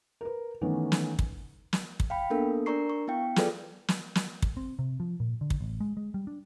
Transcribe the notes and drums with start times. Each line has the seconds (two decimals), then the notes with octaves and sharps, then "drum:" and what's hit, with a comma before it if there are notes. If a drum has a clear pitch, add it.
0.21 A#4 B4
0.61 D#3 E3 A3 B3 C#4
0.92 drum: snare
1.19 drum: kick
1.73 drum: snare
2.00 drum: kick
2.10 F5 G5 B5
2.30 A#3 B3 D4 A4 A#4
2.66 D4 A#4 D5 A#5 C#6 C7
2.90 C#6
3.08 B3 E4 F5 G5
3.36 F4 G#4 A4 B4 D5, drum: snare
3.88 drum: snare
4.15 drum: snare
4.42 drum: kick
4.57 C4
4.79 C3
5.00 F3
5.20 A#2
5.41 D3
5.50 drum: kick
5.61 A1
5.80 G#3
5.97 G#3
6.14 G3
6.27 D4